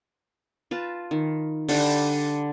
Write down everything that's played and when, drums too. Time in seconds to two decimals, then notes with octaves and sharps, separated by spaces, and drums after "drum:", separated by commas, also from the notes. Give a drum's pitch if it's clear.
0.71 F4 B4 A5
1.11 D#3
1.68 D3 G3, drum: open hi-hat